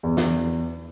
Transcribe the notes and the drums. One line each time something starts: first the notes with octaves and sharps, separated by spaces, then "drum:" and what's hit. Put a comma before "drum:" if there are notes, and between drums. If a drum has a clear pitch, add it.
E2
drum: snare